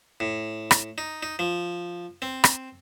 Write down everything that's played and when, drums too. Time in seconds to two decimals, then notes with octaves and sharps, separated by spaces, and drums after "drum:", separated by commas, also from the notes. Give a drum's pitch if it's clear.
0.20 A2
0.71 drum: rim click
0.98 D#4
1.23 D#4
1.39 F3
2.22 C4
2.44 drum: rim click